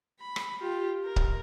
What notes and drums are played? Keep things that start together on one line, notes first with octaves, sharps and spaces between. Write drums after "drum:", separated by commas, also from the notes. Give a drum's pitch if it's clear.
B5
drum: rim click
F4 G4
A#4
drum: kick C#1